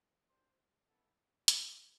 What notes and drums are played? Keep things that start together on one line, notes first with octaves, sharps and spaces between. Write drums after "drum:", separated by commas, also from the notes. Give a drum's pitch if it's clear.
D4 G4 C5
B3 E4 A4
C4 F4 G#4 B4 D5, drum: hi-hat